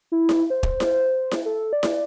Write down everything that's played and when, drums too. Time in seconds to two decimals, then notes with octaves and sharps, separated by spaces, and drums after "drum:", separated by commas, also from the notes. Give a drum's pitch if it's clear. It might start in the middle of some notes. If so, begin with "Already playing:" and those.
0.12 E4
0.29 drum: snare E4
0.50 C5
0.63 drum: kick
0.80 drum: snare E4
1.31 drum: snare E4
1.46 A4
1.73 D5
1.83 drum: snare E4